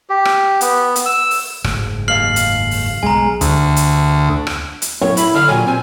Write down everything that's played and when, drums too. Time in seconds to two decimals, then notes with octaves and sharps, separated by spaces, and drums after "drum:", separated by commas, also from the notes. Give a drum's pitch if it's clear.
0.10 G4
0.25 drum: rim click
0.61 B3, drum: hi-hat
0.96 drum: hi-hat
1.06 E6
1.31 drum: open hi-hat
1.64 F#1 G#2 A3, drum: rim click
2.08 D#2 F5 F6 C7 F#7
2.36 drum: hi-hat
2.71 drum: open hi-hat
3.03 B1 G#3 G#5 A#5
3.41 D2, drum: hi-hat
3.76 drum: hi-hat
4.47 drum: rim click
4.82 drum: hi-hat
5.02 B1 F#2 A2 C#5
5.17 E4 B5, drum: hi-hat
5.35 D3 D4 E5 F5 F6
5.49 A#2 F#3 G3 G#5
5.66 C4 G#5